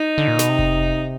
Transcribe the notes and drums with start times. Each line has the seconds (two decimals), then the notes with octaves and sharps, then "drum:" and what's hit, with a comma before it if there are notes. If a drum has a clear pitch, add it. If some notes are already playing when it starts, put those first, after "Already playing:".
Already playing: D#4
0.18 D3
0.28 A#2
0.39 B2, drum: snare
0.49 C3
0.59 drum: kick F1